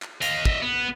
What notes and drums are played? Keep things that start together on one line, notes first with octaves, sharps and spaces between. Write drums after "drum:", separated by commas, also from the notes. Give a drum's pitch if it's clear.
drum: clap
D#5 F5, drum: hi-hat
D#5 E5, drum: kick
B3